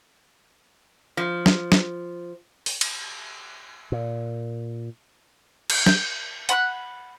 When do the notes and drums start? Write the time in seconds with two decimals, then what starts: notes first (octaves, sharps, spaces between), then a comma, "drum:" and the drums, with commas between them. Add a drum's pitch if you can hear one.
1.17 F3
1.46 drum: snare
1.72 drum: snare
2.66 drum: open hi-hat
2.81 drum: cymbal
3.92 A#2
5.70 drum: cymbal
5.86 G6, drum: snare
6.49 F#5 B5 C#6 F#6, drum: hi-hat